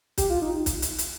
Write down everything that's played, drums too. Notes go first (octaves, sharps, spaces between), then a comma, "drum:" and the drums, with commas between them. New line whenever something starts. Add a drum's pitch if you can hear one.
G4, drum: kick, hi-hat
F4
D#4
drum: kick, hi-hat
drum: hi-hat
drum: hi-hat